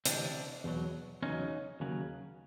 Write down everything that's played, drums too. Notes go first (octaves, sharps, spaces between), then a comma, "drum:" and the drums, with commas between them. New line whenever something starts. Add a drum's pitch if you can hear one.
D2 C3 E3 C4 D4, drum: hi-hat
E2 B2 F#3
E2 C#3 F#3 C#4 D#4
D#2 C#3 F#3